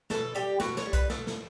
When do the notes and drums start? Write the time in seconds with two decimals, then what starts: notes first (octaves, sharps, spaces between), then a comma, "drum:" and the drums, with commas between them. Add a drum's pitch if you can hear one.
0.10 B2 A4, drum: snare
0.35 G3 G4
0.60 B2 F#4, drum: snare
0.77 C#5, drum: snare
0.85 G3
0.93 B4, drum: kick B1, hi-hat
1.10 B2 A4, drum: snare
1.27 drum: snare